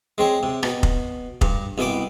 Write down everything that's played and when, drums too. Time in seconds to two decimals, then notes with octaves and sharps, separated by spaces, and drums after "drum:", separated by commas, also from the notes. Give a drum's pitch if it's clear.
0.18 G#3 C4 C#5
0.43 C3
0.63 B2, drum: rim click
0.83 drum: kick
1.41 G2, drum: kick
1.78 C2 B2 E4 G#5 D6